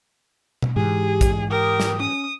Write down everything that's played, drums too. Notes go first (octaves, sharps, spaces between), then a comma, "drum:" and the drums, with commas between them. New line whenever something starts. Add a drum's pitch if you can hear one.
drum: tom B2
G#2 E3 G4 G#4
drum: kick, hi-hat
G4 A#4 D#6
drum: snare
C#4 D#6